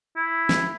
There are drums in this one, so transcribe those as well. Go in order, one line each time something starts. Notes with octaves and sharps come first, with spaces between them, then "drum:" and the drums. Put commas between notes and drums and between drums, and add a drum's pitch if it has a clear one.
E4
drum: snare